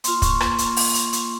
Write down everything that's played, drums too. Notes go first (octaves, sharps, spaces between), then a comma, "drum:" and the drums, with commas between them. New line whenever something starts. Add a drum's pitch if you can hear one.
A#3 F4 C6, drum: hi-hat
C#6, drum: kick, hi-hat
A#3 F4, drum: rim click
drum: hi-hat
drum: open hi-hat
drum: hi-hat
drum: hi-hat